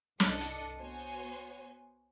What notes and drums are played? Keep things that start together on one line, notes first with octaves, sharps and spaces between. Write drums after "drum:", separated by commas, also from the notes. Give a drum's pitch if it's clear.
C2 G2 D4 A4 D#5 C#7, drum: snare
drum: hi-hat
B3 F#4 C5 C#5 G#5